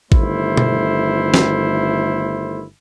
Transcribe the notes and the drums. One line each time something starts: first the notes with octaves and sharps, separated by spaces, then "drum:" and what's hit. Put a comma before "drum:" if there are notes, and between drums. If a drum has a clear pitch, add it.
G1 D#3 A3 E4 C5, drum: kick A1
drum: tom B2
drum: snare